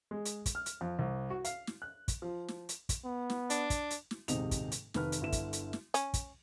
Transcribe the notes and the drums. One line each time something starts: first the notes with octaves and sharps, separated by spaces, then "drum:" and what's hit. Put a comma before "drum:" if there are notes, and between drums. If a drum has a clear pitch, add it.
G#3
drum: hi-hat
drum: kick, hi-hat
F6
drum: hi-hat
F2
C2
F#4
F5, drum: hi-hat
drum: snare
F#6
drum: kick, hi-hat
F3
drum: snare
drum: hi-hat
drum: kick, hi-hat
B3
drum: snare
D4, drum: hi-hat
drum: kick, hi-hat
drum: hi-hat
drum: snare
D#1 G#2 C3 D#4 F7, drum: hi-hat
drum: kick, hi-hat
drum: hi-hat
F1 D#3 B4 F6, drum: snare
drum: hi-hat
G1 D3 E4 E5 E7
drum: kick, hi-hat
drum: hi-hat
drum: snare
C#4, drum: hi-hat
drum: kick, hi-hat